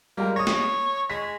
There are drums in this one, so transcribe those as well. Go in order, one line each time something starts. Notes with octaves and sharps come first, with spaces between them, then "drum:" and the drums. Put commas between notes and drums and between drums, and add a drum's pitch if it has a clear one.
G3 G#3 A#3 A#4
C#5 D#6 A#6
drum: snare
G#3 B6